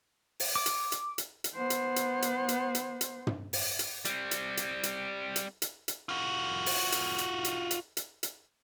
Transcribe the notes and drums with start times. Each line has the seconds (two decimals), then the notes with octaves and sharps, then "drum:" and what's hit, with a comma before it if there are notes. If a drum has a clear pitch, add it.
0.40 drum: open hi-hat
0.55 D6
0.66 drum: hi-hat
0.92 drum: hi-hat
1.18 drum: hi-hat
1.44 drum: hi-hat
1.55 B3 C5
1.70 drum: hi-hat
1.96 drum: hi-hat
2.22 drum: hi-hat
2.48 drum: hi-hat
2.75 drum: hi-hat
3.01 drum: hi-hat
3.27 drum: tom
3.53 drum: open hi-hat
3.79 drum: hi-hat
4.05 G3 C4, drum: hi-hat
4.31 drum: hi-hat
4.57 drum: hi-hat
4.83 drum: hi-hat
5.36 drum: hi-hat
5.62 drum: hi-hat
5.88 drum: hi-hat
6.09 F4 F#4
6.66 drum: open hi-hat
6.92 drum: hi-hat
7.18 drum: hi-hat
7.44 drum: hi-hat
7.71 drum: hi-hat
7.97 drum: hi-hat
8.23 drum: hi-hat